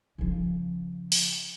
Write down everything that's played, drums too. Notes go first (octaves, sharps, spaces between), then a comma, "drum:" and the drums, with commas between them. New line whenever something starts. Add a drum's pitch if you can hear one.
C#3 F3
drum: open hi-hat